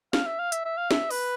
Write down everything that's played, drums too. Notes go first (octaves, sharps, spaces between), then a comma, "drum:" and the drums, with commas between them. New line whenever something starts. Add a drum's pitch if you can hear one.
F5, drum: snare
E5
F5
E5, drum: hi-hat
E5
F5
E5, drum: snare
B4, drum: open hi-hat